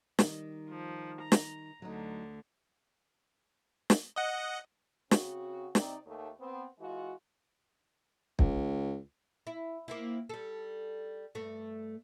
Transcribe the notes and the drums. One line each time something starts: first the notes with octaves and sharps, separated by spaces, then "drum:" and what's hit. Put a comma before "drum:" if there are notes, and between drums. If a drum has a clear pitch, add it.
D#3 G3 D#4, drum: snare
F3
A#5
drum: snare
D2 D3 F#3 D#4
drum: snare
D#5 F#5
C#3 C4 F#4, drum: snare
C3 C4 D#4 D5, drum: snare
D#2 A3
B3 C4
E3 G#3 F4 F#4
C#2, drum: kick
E4
A#3 C4 E4
G3 A4
G2 A3